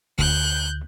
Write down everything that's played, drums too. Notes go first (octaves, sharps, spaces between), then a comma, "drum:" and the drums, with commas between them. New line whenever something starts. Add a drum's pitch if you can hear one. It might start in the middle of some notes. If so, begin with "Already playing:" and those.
D2 F#6 G6, drum: kick